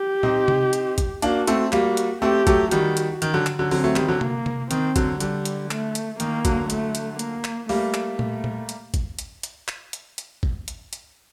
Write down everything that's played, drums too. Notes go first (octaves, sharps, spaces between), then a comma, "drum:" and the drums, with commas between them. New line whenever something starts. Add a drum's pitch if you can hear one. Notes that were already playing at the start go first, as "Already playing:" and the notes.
Already playing: G4
C4 D#4, drum: tom A#2
drum: tom C3
drum: hi-hat
drum: kick, hi-hat
A#3 D4 F#4, drum: hi-hat
A3 C4, drum: hi-hat
G3 A#3 F#4, drum: clap
drum: hi-hat
A3 C4 G4
F#3 A3, drum: kick, hi-hat
D#3 G3 F#4, drum: hi-hat
drum: hi-hat
D#3, drum: hi-hat
D3 F#3
drum: clap
D3 F#3
D3 F#3 C4, drum: open hi-hat
F#3 A3
D#3 G3, drum: clap
D3 F#3
A#3, drum: tom C3
drum: tom C3
D#3 C4, drum: hi-hat
D3 F#3, drum: kick, hi-hat
D3 G3, drum: hi-hat
drum: hi-hat
A3, drum: clap
drum: hi-hat
D#3 A#3, drum: hi-hat
D3 F#3, drum: kick, hi-hat
A3, drum: hi-hat
drum: hi-hat
A#3, drum: hi-hat
drum: clap
G3 A3 A#3, drum: open hi-hat
drum: clap
A3, drum: tom A#2
drum: tom A#2
drum: hi-hat
drum: kick, hi-hat
drum: hi-hat
drum: hi-hat
drum: clap
drum: hi-hat
drum: hi-hat
drum: kick
drum: hi-hat
drum: hi-hat